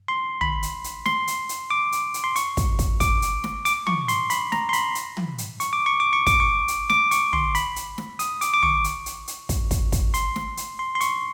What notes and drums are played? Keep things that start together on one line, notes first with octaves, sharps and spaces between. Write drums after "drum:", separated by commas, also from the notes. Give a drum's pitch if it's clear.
C6
B5, drum: tom
drum: hi-hat
drum: hi-hat
C6, drum: snare
drum: hi-hat
drum: hi-hat
D6
drum: hi-hat
drum: hi-hat
C6
C#6, drum: hi-hat
drum: kick, hi-hat
drum: kick, hi-hat
D6, drum: kick, hi-hat
drum: hi-hat
drum: snare
D6, drum: hi-hat
C#6, drum: tom
C6, drum: hi-hat
B5, drum: hi-hat
A#5, drum: snare
C6
B5, drum: hi-hat
drum: hi-hat
drum: tom
drum: hi-hat
C#6, drum: hi-hat
D6
C#6
D6
C#6
D6, drum: kick, hi-hat
C#6
drum: hi-hat
D6, drum: snare
C#6, drum: hi-hat
C6, drum: tom
B5, drum: hi-hat
drum: hi-hat
drum: snare
D#6, drum: hi-hat
D6, drum: hi-hat
D6
C#6, drum: tom
drum: hi-hat
drum: hi-hat
drum: hi-hat
drum: kick, hi-hat
drum: kick, hi-hat
drum: kick, hi-hat
C6, drum: hi-hat
drum: snare
drum: hi-hat
C6
C6
C#6, drum: hi-hat